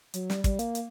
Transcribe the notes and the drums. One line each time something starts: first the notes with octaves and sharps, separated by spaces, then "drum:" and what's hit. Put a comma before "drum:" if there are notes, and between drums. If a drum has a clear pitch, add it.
F#3, drum: hi-hat
G3, drum: snare
G3, drum: kick, hi-hat
A#3, drum: hi-hat
drum: hi-hat